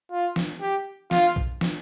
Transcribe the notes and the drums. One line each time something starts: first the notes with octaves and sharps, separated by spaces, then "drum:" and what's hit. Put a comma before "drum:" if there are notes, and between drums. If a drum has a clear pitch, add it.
F4
drum: snare
G4
F4, drum: snare
drum: kick
drum: snare